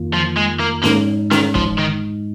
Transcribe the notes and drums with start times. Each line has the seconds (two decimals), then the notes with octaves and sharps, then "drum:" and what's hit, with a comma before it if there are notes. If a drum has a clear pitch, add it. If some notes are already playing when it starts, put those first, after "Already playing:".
Already playing: F2 D#3 A#3 F4
0.14 F3
0.37 G#3
0.60 A#3
0.84 G#2 G#3 A#3 D#4, drum: snare C#4
1.31 D#3, drum: snare C#4
1.55 F3, drum: kick
1.78 D#3